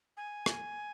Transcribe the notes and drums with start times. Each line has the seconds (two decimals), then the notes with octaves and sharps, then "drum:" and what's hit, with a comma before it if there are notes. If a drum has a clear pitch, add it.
0.17 G#5
0.46 drum: rim click